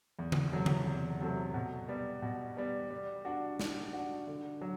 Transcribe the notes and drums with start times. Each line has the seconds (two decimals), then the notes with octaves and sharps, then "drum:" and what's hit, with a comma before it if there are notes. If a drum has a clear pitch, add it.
0.19 E2
0.32 drum: tom C#3
0.52 C3 F#3 A3
0.66 drum: tom C#3
0.86 E2
1.20 C3 F#3 A3
1.54 B2
1.88 G3 B3
2.22 B2
2.57 G3 B3
2.90 G3
3.25 D4 F#4
3.60 G3, drum: snare
3.93 D4 F#4
4.27 D3
4.61 F#3